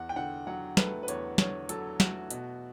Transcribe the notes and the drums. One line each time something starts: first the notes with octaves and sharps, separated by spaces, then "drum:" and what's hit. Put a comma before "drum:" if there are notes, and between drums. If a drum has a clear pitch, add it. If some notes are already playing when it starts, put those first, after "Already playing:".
Already playing: E2 F#5
G5
D3 F#5
F#3 F#5
A3 B4, drum: snare
B4
E2 C#5, drum: hi-hat
D3 C#5, drum: snare
F#3 A4, drum: hi-hat
A3 F#4, drum: snare
B2, drum: hi-hat